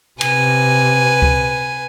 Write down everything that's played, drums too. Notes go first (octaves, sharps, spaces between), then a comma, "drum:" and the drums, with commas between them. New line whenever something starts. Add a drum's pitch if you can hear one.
C3 B4 G#5, drum: cymbal
drum: kick C#2